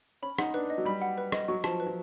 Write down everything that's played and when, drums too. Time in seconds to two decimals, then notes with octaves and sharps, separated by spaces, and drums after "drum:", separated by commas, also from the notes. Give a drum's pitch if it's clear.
0.22 C#4 B5
0.39 D#4 F#5, drum: rim click
0.54 D4 B4
0.70 D#5
0.78 F#3
0.85 G3 B5
1.02 F#5
1.18 B4
1.32 D#5, drum: rim click
1.48 F#3 C#6
1.64 F3 A5, drum: rim click
1.80 B4
1.87 F3